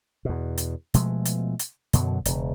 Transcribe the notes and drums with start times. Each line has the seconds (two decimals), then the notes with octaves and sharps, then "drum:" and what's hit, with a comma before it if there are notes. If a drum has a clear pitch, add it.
0.25 E2 B2
0.57 drum: hi-hat
0.94 B2 F3 G#3 A3, drum: hi-hat
1.25 drum: hi-hat
1.59 drum: hi-hat
1.93 F#2 B2 D3 F#3, drum: hi-hat
2.25 E1 C#3, drum: hi-hat